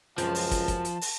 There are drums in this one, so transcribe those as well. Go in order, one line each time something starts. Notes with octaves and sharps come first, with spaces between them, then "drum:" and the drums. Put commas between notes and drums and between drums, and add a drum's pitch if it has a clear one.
C#2 F#2 F3 C4 A5, drum: hi-hat
drum: open hi-hat
drum: kick, hi-hat
drum: kick, hi-hat
drum: hi-hat
drum: open hi-hat